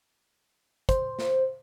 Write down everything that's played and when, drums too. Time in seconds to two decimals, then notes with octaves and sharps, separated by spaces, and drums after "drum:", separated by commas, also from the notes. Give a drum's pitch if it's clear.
0.89 C5, drum: kick, hi-hat
1.19 drum: snare